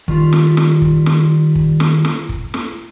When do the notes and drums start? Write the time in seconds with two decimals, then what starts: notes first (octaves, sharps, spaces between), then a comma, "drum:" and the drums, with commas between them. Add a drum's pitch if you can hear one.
0.08 D#3 G3 F4, drum: kick
0.33 drum: snare
0.57 drum: snare
0.82 drum: kick
1.06 drum: snare
1.55 drum: kick
1.80 drum: snare
2.05 drum: snare
2.29 drum: kick
2.54 drum: snare